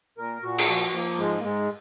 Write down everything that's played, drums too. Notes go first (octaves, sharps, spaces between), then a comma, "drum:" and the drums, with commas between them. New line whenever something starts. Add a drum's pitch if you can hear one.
A#2 A#4
A#2 F#4
G#4, drum: cymbal
F3 F#4
F3 A#3
G#2 G#3
A#3
G#2 G#3